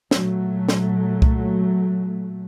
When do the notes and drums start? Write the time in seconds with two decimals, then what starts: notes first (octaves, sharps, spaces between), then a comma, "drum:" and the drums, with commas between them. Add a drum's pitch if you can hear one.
0.11 A#2 F#3 A3, drum: snare
0.69 drum: snare
1.22 drum: kick C2